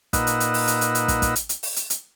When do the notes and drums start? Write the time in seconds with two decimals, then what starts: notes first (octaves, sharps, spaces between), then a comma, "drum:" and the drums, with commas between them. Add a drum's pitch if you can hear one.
0.13 A#2 D#4 B4 D#5 F#5 E6, drum: kick, hi-hat
0.27 drum: hi-hat
0.40 drum: hi-hat
0.54 drum: open hi-hat
0.68 drum: hi-hat
0.81 drum: hi-hat
0.95 drum: hi-hat
1.08 drum: kick, hi-hat
1.22 drum: kick, hi-hat
1.36 drum: hi-hat
1.49 drum: hi-hat
1.63 drum: open hi-hat
1.76 drum: hi-hat
1.90 drum: hi-hat